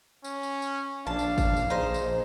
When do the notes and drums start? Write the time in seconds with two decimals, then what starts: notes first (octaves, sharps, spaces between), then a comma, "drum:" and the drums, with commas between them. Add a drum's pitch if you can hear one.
0.24 C#4, drum: tambourine
0.43 drum: tambourine
0.62 drum: tambourine
1.07 A#1 D4 F5 A5
1.19 drum: tambourine
1.38 drum: kick G#1, tambourine
1.57 drum: tambourine
1.70 D#4 G#4 C5
1.94 drum: tambourine